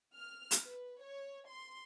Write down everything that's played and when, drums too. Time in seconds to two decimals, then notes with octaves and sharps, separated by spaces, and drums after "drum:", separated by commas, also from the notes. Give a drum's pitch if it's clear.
0.14 F6
0.51 drum: hi-hat
0.64 B4
1.01 C#5
1.47 C6